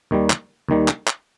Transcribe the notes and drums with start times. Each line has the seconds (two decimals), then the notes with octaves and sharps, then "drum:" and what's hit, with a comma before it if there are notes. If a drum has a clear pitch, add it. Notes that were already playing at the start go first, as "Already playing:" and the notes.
0.11 D#2 D#3 G3
0.30 drum: clap
0.69 D#2 D#3 G3
0.88 drum: clap
1.07 drum: clap